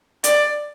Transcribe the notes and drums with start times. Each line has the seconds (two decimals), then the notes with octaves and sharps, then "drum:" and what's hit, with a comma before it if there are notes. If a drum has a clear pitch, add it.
0.24 D5, drum: hi-hat